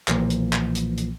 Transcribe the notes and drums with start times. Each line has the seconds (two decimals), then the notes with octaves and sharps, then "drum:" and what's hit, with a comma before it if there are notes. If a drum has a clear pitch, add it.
0.08 B1 A#2 E3 F3 A#3, drum: clap
0.30 drum: hi-hat
0.53 drum: clap
0.75 drum: hi-hat
0.98 drum: hi-hat